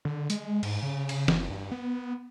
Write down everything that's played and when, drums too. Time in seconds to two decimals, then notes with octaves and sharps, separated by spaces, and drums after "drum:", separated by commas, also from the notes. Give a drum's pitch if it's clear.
0.05 D3
0.30 G#3, drum: hi-hat
0.63 G#2, drum: cymbal
0.83 C#3
1.09 drum: cymbal
1.28 F#1, drum: snare
1.50 G2
1.72 B3